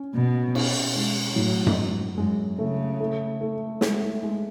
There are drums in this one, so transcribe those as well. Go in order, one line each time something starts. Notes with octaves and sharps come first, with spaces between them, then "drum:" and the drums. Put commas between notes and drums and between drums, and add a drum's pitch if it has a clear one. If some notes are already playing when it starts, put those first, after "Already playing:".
Already playing: C#4
B2
C#4, drum: cymbal
G#3
A2 F#3
drum: tom F#2
G#2
F#2 G#3
C#3 A3
A3
A3
G#3, drum: snare
A3
G#3